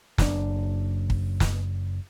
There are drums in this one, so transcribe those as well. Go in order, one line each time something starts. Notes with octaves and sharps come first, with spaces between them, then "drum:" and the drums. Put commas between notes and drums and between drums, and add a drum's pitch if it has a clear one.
F#1 D4, drum: snare
drum: kick
drum: snare